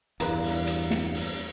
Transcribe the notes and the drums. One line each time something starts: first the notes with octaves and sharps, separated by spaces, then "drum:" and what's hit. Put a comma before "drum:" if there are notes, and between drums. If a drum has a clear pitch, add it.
E2 G2 A#3 B4, drum: hi-hat
drum: open hi-hat
drum: hi-hat
drum: snare
drum: open hi-hat